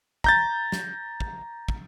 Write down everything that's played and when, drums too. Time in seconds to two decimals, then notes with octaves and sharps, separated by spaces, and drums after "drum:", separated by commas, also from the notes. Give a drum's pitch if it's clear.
0.24 A#5 G6 A6, drum: kick
0.72 drum: snare
1.20 drum: kick
1.69 drum: kick